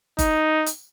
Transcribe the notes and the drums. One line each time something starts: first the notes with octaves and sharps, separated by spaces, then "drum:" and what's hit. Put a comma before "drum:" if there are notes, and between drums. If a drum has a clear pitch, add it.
D#4, drum: kick G1, hi-hat
drum: hi-hat